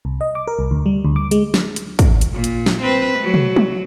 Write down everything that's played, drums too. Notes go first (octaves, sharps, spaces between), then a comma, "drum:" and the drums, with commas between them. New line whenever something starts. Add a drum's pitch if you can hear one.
C2
D#5
D6
A#4
C2
D2
G3
D2
D6
G#3, drum: hi-hat
drum: snare
drum: hi-hat
drum: kick, hi-hat
drum: hi-hat
A#2
drum: hi-hat
drum: snare
C4 B4
F#3 A3
drum: tom
drum: tom F#3